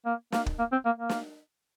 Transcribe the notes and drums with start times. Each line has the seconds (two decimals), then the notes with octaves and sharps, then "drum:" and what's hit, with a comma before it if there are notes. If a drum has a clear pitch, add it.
0.05 A#3
0.32 A#3, drum: snare
0.46 drum: kick
0.59 A#3
0.72 C4
0.85 A#3
0.98 A#3
1.09 drum: snare